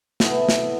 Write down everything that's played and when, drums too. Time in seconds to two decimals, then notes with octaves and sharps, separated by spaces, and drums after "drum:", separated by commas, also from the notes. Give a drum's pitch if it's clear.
0.20 E3 B3 E4 A4, drum: snare
0.49 drum: snare